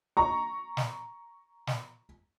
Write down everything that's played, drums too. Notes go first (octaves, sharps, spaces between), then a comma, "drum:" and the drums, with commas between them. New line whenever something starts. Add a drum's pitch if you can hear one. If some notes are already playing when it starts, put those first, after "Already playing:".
A#5 C#6
drum: snare
drum: snare